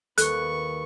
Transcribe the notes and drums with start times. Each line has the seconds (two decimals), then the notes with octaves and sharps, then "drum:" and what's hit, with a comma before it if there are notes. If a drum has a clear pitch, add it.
0.18 D#2 A4 B4 C#6 F#6, drum: hi-hat